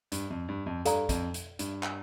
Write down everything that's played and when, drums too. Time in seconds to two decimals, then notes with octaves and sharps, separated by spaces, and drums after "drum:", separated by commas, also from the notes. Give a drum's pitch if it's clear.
0.12 G2, drum: hi-hat
0.30 F2
0.49 G2
0.66 F2
0.85 G2 A4 D5 F5 A#5, drum: hi-hat
1.09 F2, drum: kick, hi-hat
1.34 drum: hi-hat
1.59 G2, drum: hi-hat
1.83 drum: clap